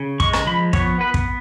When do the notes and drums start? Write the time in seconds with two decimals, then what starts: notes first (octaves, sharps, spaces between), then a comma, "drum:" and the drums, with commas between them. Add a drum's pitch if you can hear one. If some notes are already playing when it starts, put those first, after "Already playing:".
Already playing: C#3
0.20 G#3 C#6, drum: kick
0.33 drum: rim click
0.47 F3 B5
0.73 B3 C#5, drum: kick
1.00 B3 B4
1.14 drum: kick